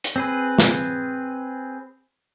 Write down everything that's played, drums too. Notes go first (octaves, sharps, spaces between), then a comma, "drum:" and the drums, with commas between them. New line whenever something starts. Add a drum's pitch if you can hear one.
drum: hi-hat
C4 G#4 B4
drum: snare